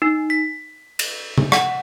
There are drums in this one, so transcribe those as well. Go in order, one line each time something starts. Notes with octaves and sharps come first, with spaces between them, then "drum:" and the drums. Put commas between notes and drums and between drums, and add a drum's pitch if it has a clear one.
D#4
B6
drum: cymbal
drum: tom C#3
F#5, drum: rim click